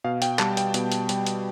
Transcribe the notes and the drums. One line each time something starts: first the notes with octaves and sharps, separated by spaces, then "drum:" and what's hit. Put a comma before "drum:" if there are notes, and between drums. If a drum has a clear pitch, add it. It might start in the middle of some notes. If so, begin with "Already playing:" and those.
B2 F5
G5, drum: hi-hat
G3 A5, drum: clap
G5, drum: hi-hat
B2, drum: hi-hat
drum: hi-hat
G3, drum: hi-hat
drum: hi-hat